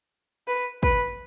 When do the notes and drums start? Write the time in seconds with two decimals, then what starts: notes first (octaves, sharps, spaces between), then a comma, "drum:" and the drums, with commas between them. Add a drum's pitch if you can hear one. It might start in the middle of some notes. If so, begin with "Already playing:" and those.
0.47 B4
0.83 B4, drum: kick